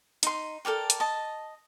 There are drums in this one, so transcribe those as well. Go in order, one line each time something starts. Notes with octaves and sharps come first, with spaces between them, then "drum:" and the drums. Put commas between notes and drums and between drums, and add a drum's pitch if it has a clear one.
D#4 C6, drum: hi-hat
A4 A#4 D5 G5
drum: hi-hat
D#5 A5